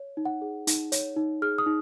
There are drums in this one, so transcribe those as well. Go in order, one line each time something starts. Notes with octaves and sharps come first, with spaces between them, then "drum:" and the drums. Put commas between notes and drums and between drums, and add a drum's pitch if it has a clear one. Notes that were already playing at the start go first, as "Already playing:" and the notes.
Already playing: C#5
D#4
F#5
G#4
D#4, drum: hi-hat
C#5, drum: hi-hat
D#4
G#4 F6
D#6
D#4